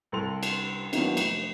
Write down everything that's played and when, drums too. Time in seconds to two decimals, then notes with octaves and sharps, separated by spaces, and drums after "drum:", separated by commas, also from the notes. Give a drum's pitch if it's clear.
0.12 C2 A4 C6 F7
0.43 drum: cymbal
0.93 D#3 F#3 A#3 B3 D4 E4, drum: cymbal
1.17 F1, drum: cymbal